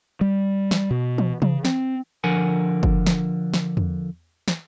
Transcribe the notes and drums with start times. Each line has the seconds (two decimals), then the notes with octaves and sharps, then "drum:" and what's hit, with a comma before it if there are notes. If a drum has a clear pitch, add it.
0.21 G3
0.71 drum: snare
0.91 B2
1.18 drum: tom E3
1.42 C#3, drum: tom E3
1.65 C4, drum: snare
2.24 D3 F3 A#4 F#5 G#5
2.83 drum: kick
3.06 drum: snare
3.54 drum: snare
3.77 drum: tom E2
4.48 drum: snare